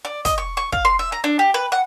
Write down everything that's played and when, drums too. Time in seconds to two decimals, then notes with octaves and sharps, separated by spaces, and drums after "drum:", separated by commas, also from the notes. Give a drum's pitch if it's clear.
0.05 D5
0.25 D#5, drum: kick, hi-hat
0.38 C#6
0.57 C#6
0.72 F5, drum: kick
0.85 C6
0.99 E5
1.12 A#5
1.24 D4
1.39 G4
1.54 B4
1.72 F#5